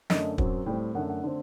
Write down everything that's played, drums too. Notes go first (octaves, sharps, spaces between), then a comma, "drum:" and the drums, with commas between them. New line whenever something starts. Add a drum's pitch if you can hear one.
F#2 D3 A3 D#5, drum: snare
F#2 F#3 C4, drum: kick
A2 G3 C4 G5
F#2 D3 A3 F#5
F#5
D3 A3 C4